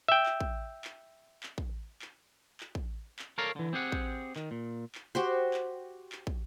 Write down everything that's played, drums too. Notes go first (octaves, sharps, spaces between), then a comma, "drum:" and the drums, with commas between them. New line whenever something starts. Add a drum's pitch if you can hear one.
E5 G5
drum: clap
drum: kick
drum: clap
drum: clap
drum: kick
drum: clap
drum: clap
drum: kick
drum: clap
A4 A#4 C#5 D5 F5 A#5
D3 E3
C4 G4 G#4 F#5
drum: kick
D#3, drum: clap
A#2
drum: clap
F#4 G4 C5
drum: clap
drum: clap
drum: kick